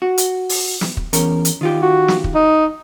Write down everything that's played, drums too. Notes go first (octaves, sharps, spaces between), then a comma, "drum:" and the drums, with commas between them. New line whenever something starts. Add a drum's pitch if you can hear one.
F#4
drum: hi-hat
drum: open hi-hat
drum: snare
drum: kick
E2 C#4 A#4, drum: hi-hat
drum: hi-hat
D#3 F4 G4
F#4
drum: snare
drum: kick
D#4